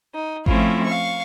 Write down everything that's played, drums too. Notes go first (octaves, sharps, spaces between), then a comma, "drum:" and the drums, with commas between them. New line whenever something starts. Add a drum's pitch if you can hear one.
D#4
F3 A3 C4 C#4 E4 F4, drum: kick G#1
F5 C#6